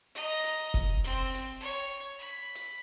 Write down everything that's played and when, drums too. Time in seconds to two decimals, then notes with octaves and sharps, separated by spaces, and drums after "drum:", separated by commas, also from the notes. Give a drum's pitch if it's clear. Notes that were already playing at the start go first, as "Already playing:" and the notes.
0.15 D#5 A#5, drum: hi-hat
0.44 drum: hi-hat
0.74 drum: kick, hi-hat
1.04 C4, drum: hi-hat
1.34 drum: hi-hat
1.60 C#5
2.19 B5
2.55 drum: hi-hat